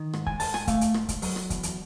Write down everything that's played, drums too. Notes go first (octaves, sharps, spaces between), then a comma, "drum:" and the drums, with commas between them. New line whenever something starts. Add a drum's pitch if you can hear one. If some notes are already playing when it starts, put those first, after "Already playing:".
Already playing: D#3
G#2, drum: rim click
G#5, drum: kick
G#2 A5, drum: open hi-hat
G#5, drum: rim click
A3 F5, drum: kick, hi-hat
drum: hi-hat
G#2, drum: rim click
drum: kick, hi-hat
F#3, drum: open hi-hat
drum: rim click
E2, drum: kick, hi-hat
drum: hi-hat